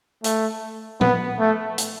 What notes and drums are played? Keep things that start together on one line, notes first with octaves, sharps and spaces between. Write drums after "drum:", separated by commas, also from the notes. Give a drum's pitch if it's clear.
A3, drum: hi-hat
B3, drum: tom A#2
A3
drum: hi-hat